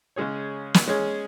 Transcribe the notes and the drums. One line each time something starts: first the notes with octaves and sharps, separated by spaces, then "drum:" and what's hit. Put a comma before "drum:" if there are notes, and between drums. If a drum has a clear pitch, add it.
C#3 G#3 C#4 G#4 C#5
drum: snare
G#3 C#4 G#4 C#5